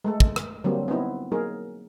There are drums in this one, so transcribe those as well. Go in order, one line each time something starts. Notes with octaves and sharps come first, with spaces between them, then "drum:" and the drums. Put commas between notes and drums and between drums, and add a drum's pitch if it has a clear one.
G#3 A3 A4
drum: kick
drum: rim click
D3 F#3 G3 A#3 C4 D4
B3 C4 D#4 E4
F#3 A#3 D#4 G#4 A#4